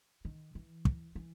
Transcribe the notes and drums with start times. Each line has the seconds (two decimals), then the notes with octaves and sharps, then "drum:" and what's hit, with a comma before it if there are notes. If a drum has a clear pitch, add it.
0.25 D#3
0.55 E3
0.85 drum: kick
1.15 E3